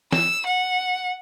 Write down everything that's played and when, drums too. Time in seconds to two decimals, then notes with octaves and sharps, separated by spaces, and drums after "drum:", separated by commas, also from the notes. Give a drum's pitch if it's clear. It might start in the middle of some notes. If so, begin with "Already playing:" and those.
0.13 E6, drum: snare
0.46 F#5